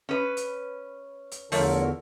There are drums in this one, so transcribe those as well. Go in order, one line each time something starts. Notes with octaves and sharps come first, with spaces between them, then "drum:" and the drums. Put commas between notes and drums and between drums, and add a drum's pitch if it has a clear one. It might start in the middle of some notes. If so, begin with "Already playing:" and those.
C#4 B4
drum: hi-hat
drum: hi-hat
E2 D3 F3 A3 A#4 C#5, drum: open hi-hat